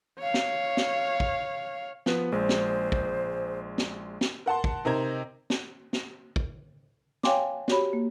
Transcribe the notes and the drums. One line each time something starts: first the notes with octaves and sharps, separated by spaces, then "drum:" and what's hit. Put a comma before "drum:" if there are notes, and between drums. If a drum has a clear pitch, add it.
C#5 F5
drum: snare
drum: snare
drum: kick
F3 B3 B4, drum: snare
A#1 G#3 C5
drum: snare
drum: kick
drum: snare
drum: snare
A#4 F#5 A5 C6
drum: kick
C3 D#4 A#4 C5 A#5 G#6
drum: snare
drum: snare
drum: kick
C#5 F5 G5 G#5 C6 D6, drum: snare
F#4 G4 C#5 B5, drum: snare
A#3